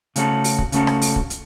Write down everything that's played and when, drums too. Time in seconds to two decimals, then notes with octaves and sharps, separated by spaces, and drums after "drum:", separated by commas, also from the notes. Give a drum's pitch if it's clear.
0.16 C#3 A3 C#4 F#4 A4, drum: hi-hat
0.44 drum: open hi-hat
0.59 drum: kick
0.72 C#3 A3 C#4 F#4 A4, drum: hi-hat
0.87 drum: rim click
1.01 drum: open hi-hat
1.16 drum: kick
1.30 drum: hi-hat